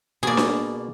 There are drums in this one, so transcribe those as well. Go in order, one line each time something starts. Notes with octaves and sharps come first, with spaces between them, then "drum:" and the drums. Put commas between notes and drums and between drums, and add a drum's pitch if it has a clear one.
B2 A#3 G#4 D5
drum: snare D4